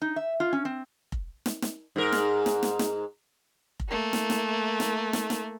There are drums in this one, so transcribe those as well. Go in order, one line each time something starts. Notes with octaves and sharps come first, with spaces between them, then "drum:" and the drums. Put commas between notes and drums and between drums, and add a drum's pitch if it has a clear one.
D#4
E5
F4
C#4
C4
drum: kick F1
drum: snare
drum: snare
G#2 A#4
drum: snare
drum: snare
drum: snare
drum: snare
drum: kick F1
A3 A#3
drum: snare
drum: snare
drum: snare
drum: snare
drum: snare